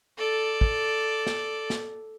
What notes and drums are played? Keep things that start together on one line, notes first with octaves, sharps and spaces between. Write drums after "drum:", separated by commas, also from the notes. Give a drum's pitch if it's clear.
A4 D5
drum: kick
drum: snare
drum: snare